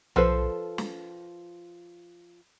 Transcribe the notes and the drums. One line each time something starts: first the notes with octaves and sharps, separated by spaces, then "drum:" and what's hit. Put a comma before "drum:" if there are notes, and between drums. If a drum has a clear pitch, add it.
F3 A4 B4 C5, drum: tom B1
drum: snare